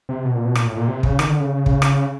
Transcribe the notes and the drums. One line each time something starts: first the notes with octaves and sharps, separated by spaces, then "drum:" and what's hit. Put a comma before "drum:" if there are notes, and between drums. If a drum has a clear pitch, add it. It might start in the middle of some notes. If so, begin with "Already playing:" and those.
C3
B2
A#2
B2
A#2, drum: rim click
A2
A#2
C3
C#3, drum: kick
D#3, drum: rim click
D3
C#3
drum: kick
drum: rim click